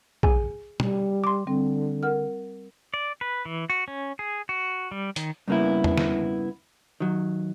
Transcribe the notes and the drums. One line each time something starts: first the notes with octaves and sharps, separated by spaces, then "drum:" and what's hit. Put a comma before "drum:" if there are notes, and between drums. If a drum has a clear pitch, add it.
G#4 G#5, drum: kick
G3, drum: tom
C6 D6
D3 G3 C4
A#4 F#5 F6
D5
B4
E3
F#4
C#4
G#4
F#4
G3
D#3, drum: hi-hat
G2 C#3 A#3 B3 E4
drum: tom E2
drum: snare
D#3 F#3